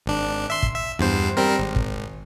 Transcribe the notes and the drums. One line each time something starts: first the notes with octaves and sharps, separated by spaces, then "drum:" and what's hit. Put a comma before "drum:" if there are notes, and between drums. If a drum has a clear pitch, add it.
G#1 D4
E5 C6
drum: kick
E5
E2 G2 C5
G3 C4 A#4
G#1
drum: kick